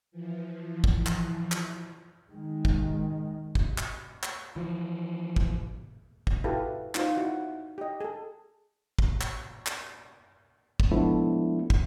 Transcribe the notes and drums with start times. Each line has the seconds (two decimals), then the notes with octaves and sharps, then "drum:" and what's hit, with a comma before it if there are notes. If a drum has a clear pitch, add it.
0.12 E3 F3
0.84 drum: kick
1.06 drum: clap
1.52 drum: clap
2.31 D#3 G#3
2.65 drum: kick
3.55 drum: kick
3.78 drum: clap
4.23 drum: clap
4.56 E3 F3
5.36 drum: kick
6.27 drum: kick
6.44 E4 F#4 G4 A4 B4 F5
6.95 D#4 F4 C5, drum: clap
7.16 E4 F#4 F#5
7.78 G4 D#5
8.01 G#4 A4
8.99 drum: kick
9.21 drum: clap
9.66 drum: clap
10.80 drum: kick
10.91 F3 G#3 A3 B3 D4 E4
11.70 drum: kick